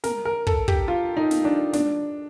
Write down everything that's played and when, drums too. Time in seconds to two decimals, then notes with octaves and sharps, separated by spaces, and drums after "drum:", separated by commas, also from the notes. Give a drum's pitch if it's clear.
0.04 A#4, drum: snare
0.25 A#4
0.47 A4, drum: kick
0.68 G4, drum: kick
0.88 F4
1.17 D#4
1.31 drum: snare
1.45 D4
1.73 D4, drum: snare